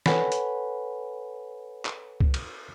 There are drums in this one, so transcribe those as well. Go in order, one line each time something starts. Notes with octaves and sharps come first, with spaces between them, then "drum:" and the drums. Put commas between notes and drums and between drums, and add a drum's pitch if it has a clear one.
A4 B4 C#5 F#5 G#5 B5, drum: snare
drum: hi-hat
drum: clap
drum: kick
drum: cymbal